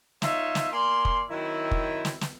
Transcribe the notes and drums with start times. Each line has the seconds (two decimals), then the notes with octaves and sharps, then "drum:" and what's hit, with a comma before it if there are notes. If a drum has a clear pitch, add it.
0.22 D#4 F4 C#5 E5, drum: snare
0.55 drum: snare
0.71 A#3 D5 F5 G#5 C6
1.05 drum: kick
1.30 D#3 F#3 C4 E4
1.71 drum: kick
2.05 drum: snare
2.21 drum: snare